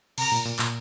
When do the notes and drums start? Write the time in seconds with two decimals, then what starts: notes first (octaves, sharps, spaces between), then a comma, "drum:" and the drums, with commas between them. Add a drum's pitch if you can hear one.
0.18 C3 A#5, drum: cymbal
0.32 A#2
0.45 A#2
0.59 A#2, drum: clap